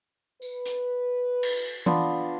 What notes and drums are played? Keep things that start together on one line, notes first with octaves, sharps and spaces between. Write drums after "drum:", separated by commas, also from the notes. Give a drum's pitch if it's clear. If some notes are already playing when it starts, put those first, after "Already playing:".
B4, drum: tambourine
drum: hi-hat
drum: cymbal
B3 D4 F4, drum: tom E3